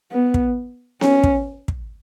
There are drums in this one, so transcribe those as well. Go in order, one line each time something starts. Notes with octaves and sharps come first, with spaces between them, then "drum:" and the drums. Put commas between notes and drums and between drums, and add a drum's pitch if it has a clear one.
B3
drum: kick
C#4, drum: snare B3
drum: kick
drum: kick